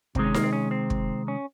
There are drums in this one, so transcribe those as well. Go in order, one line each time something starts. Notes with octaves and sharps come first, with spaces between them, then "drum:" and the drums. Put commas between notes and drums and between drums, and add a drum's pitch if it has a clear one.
C3 D#3 G#3 C4, drum: kick
C#4
A#3, drum: snare D#4
C4
C#4
C4
drum: kick
C#4